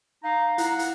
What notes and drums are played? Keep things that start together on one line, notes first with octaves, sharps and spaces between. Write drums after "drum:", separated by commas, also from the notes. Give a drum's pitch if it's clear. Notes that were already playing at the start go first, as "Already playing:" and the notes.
D#4 F5 A#5
E4 F#5, drum: hi-hat
drum: hi-hat